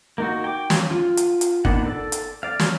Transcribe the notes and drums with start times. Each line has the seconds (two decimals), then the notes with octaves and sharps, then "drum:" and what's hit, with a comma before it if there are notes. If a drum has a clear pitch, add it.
0.18 A#3 D#4 F#4
0.44 G5 D6
0.70 drum: snare
0.91 F4
1.17 drum: hi-hat
1.41 drum: hi-hat
1.65 A#3 B3 D4 D#4 F#5, drum: kick
1.84 A4 D5
2.12 drum: hi-hat
2.43 D5 F5
2.59 drum: snare